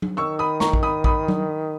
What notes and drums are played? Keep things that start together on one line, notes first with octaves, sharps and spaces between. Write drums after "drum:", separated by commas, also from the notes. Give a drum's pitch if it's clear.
drum: tom F#3
D#3 C#6 E6
B5 D#6
A#5 C#6, drum: snare
drum: kick
B5 D#6
B5 D#6, drum: kick
drum: tom F#3